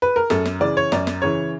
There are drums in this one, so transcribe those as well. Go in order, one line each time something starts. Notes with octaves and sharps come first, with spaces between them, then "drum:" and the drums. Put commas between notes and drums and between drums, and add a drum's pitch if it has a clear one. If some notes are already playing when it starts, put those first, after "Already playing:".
B4
A#4
F#2 A4, drum: snare
drum: snare
C#3 E3 D5
C#5
F#2 D5, drum: snare
drum: snare
C#3 E3 C#5